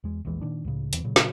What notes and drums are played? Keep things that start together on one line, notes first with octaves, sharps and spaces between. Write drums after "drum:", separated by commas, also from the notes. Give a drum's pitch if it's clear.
E2 G#3
A#1 E2 E3 G#3
A#2 D#3 D4
C#2 A2 C#3
D#1 E2 E3 C4, drum: hi-hat
A#2 C#3 F#3
drum: snare